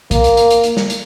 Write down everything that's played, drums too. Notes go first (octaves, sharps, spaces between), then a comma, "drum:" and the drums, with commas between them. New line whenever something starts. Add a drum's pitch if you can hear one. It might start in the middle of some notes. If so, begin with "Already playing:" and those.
A#3, drum: kick, hi-hat
drum: hi-hat
drum: hi-hat
drum: hi-hat
drum: hi-hat
drum: snare
drum: hi-hat